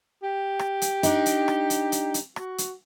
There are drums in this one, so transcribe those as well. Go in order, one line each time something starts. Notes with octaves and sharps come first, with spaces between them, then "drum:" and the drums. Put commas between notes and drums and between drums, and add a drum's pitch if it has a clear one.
G4
drum: rim click
drum: hi-hat
D4 D#4, drum: hi-hat
drum: hi-hat
drum: rim click
drum: hi-hat
drum: hi-hat
drum: hi-hat
F#4, drum: rim click
drum: hi-hat